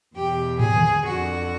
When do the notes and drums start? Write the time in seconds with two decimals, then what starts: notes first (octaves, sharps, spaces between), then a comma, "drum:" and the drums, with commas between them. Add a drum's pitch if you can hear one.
0.15 E2 B2 G4
0.59 G#4, drum: tom
0.76 drum: tom D3
1.04 F2 D3 F#4